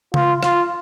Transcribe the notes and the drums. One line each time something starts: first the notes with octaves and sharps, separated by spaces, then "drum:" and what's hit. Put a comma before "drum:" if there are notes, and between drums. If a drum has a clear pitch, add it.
F4, drum: tom C#3
F4, drum: rim click